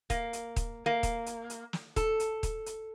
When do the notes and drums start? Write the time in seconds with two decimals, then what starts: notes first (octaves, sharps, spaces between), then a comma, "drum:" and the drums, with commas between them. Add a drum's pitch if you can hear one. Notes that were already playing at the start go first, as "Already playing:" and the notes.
0.10 A#3, drum: kick D#1, hi-hat
0.33 drum: hi-hat
0.56 drum: kick D#1, hi-hat
0.86 A#3
1.03 drum: kick D#1, hi-hat
1.26 drum: hi-hat
1.50 drum: hi-hat
1.73 drum: snare
1.96 A4, drum: kick D#1, hi-hat
2.20 drum: hi-hat
2.43 drum: kick D#1, hi-hat
2.66 drum: hi-hat